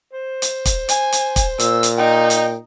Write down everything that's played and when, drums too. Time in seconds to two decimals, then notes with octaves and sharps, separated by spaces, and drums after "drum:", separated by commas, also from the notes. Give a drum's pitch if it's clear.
0.13 C5
0.42 drum: hi-hat
0.65 drum: kick, hi-hat
0.89 G#5, drum: hi-hat
1.12 drum: hi-hat
1.36 drum: kick, hi-hat
1.59 A#2 E6, drum: hi-hat
1.83 drum: hi-hat
1.98 D#4 G5
2.30 drum: hi-hat